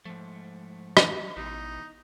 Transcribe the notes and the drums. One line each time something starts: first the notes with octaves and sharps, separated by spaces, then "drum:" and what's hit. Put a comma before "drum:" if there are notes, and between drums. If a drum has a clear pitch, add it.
G#2 F3 A3
drum: rim click
A1 B2 E3 D#4